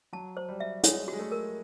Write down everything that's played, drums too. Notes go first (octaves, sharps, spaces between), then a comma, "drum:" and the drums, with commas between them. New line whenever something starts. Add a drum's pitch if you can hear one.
F#3 A5
C5
G3
E5
G#3 C#5, drum: hi-hat
G#3 F#4
A3
A#4